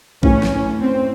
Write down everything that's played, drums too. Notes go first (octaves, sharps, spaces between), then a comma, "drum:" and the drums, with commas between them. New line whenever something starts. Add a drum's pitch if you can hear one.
A2 E3 A3 C#4, drum: kick A#1
drum: snare
C#4
C4